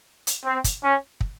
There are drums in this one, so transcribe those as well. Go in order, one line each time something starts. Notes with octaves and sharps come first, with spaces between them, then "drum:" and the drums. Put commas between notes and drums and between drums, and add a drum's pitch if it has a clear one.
drum: hi-hat
C4
drum: kick, hi-hat
C#4
drum: kick